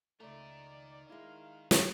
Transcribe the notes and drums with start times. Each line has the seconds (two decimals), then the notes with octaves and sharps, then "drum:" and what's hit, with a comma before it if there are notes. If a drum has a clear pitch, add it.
0.20 C#2 A3 D#4 A#4 D5
1.10 G#3 E4 F5
1.71 drum: snare